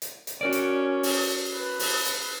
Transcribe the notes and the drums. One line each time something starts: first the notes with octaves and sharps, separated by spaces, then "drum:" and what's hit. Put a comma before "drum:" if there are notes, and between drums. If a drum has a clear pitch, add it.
drum: hi-hat
drum: hi-hat
C#4 F#4 A#4 D5
drum: hi-hat
drum: open hi-hat
B4
drum: open hi-hat
drum: hi-hat